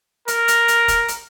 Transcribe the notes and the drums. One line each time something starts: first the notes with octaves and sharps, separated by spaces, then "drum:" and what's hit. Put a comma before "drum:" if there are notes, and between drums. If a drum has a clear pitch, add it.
A#4, drum: hi-hat
drum: hi-hat
drum: hi-hat
drum: kick, hi-hat
drum: hi-hat